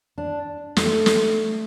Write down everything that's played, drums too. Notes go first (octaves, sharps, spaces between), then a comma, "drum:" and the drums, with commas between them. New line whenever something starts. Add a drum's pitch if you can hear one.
D4
A3, drum: snare
drum: snare